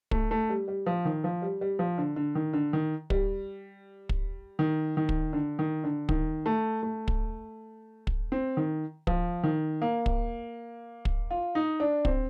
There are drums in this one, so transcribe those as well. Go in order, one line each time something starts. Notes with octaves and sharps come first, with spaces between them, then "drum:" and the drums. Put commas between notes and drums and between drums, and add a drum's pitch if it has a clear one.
A3, drum: kick
A3
G3
G3
F3
D#3
F3
G3
G3
F3
D3
D3
D#3
D3
D#3
G3, drum: kick
drum: kick
D#3
D#3
drum: kick
D3
D#3
D3
D#3, drum: kick
A3
A3
drum: kick
drum: kick
C4
D#3
F3, drum: kick
D#3
A#3
drum: kick
drum: kick
F4
D#4
D4
C4, drum: kick